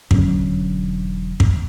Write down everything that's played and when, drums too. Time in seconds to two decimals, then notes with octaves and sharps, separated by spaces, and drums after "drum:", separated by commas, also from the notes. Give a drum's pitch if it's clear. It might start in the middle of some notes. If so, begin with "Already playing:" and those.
0.11 E1 D3 F#3 C#4, drum: kick
1.40 drum: kick